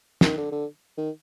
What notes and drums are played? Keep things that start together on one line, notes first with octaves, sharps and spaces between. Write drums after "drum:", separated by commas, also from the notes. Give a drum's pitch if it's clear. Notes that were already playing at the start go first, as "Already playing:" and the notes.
D#3, drum: snare
D3
D3
D#3